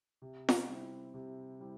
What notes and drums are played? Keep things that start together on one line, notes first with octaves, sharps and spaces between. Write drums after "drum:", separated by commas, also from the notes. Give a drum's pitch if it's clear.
C3
drum: snare F4
G3 C4 E4
C3
G3 C4 E4